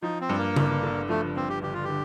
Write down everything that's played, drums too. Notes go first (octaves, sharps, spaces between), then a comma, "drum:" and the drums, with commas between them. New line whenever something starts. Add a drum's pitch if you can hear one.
F3 D#4
C4
G2
A#3
G1, drum: tom C#3
D3
F3 A3
G2 C4
G4
G1 G4
F4
D3 G4